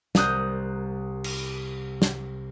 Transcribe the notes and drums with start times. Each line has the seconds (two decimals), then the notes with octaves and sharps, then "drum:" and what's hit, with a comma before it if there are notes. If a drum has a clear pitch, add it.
0.15 C2 A#4 D#6 F#6 G6, drum: snare
1.24 drum: cymbal
2.02 drum: snare